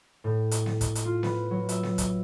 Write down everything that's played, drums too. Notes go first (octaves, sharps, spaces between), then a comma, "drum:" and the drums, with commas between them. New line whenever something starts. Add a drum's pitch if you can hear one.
A2
drum: hi-hat
drum: snare B3
drum: kick, hi-hat
drum: hi-hat
F4
B4, drum: snare B3
F#3
E5, drum: hi-hat
drum: snare B3
drum: kick, hi-hat